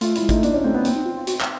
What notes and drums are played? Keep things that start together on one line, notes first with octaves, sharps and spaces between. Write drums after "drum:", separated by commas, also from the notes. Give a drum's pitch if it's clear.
A3 F4, drum: hi-hat
E4, drum: hi-hat
G#3
A3 D#4, drum: kick G#1, hi-hat
A#3 D4, drum: hi-hat
C#4
A3 C4
B3
A#3 C4, drum: hi-hat
D#4
F4
F4
F#4, drum: hi-hat
drum: clap